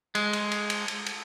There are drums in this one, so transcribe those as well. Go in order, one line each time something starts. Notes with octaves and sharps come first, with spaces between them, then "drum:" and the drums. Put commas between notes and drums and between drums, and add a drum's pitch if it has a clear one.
G#3, drum: cymbal
drum: cymbal
drum: cymbal
drum: cymbal
drum: cymbal
drum: cymbal